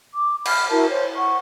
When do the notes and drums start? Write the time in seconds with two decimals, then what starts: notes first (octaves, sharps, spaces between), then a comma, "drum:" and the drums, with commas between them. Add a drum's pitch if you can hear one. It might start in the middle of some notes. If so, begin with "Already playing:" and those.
0.13 D6
0.45 B5 F6, drum: cymbal
0.70 E4 F#4 A#4 A5
0.89 C5 C#5
1.16 F#5 C#6